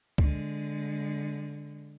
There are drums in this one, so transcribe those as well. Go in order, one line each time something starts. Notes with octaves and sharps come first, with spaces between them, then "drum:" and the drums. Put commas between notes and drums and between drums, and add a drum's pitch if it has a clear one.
D3 G#3, drum: kick